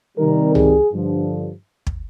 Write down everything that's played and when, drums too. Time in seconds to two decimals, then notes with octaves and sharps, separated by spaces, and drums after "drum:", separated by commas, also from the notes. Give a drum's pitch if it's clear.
0.18 C3 D#3 G3 A#4
0.55 G#4, drum: tom C2
0.92 G2 D3 F3
1.87 drum: kick